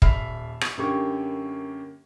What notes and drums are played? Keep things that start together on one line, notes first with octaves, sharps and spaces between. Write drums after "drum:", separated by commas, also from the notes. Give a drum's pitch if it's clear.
D#1 E5 B5 F6 C7, drum: kick
drum: rim click
F#2 D3 A#3 G4 C#6 G#6